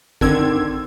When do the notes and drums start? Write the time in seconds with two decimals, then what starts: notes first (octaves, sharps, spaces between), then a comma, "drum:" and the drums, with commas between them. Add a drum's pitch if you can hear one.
0.21 D3 D#3 C4 E6 G#6, drum: kick